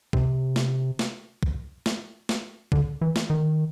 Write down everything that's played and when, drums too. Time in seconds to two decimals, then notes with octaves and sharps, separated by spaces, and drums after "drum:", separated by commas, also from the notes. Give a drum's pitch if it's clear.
0.13 C3, drum: kick
0.56 drum: snare
0.99 drum: snare
1.43 drum: kick
1.86 drum: snare
2.29 drum: snare
2.72 D3, drum: kick
3.01 E3
3.16 drum: snare
3.30 D#3